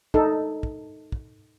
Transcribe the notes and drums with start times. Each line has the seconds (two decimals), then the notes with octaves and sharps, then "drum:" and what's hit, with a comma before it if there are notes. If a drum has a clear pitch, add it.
0.14 D#4 A4, drum: kick
0.63 drum: kick
1.12 drum: kick